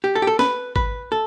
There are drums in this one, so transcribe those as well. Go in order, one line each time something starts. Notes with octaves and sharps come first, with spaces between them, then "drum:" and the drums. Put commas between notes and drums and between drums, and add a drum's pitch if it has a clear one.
G4
A4
G4
A4
B4, drum: snare
B4, drum: kick
A4